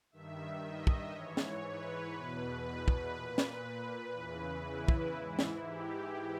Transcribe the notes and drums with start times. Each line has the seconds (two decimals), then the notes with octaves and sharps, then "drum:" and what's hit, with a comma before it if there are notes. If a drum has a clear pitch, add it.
0.12 G2 D#3 E5
0.62 D#5
0.87 drum: kick
1.12 G#2 E3 C#5
1.37 drum: snare
1.62 B4
2.13 E2 B2 B4
2.63 B4
2.88 drum: kick
3.12 A#2
3.38 drum: snare
4.13 E2 C#3 E3
4.63 E4
4.88 drum: kick
5.14 G#2 E3
5.39 drum: snare
5.64 G4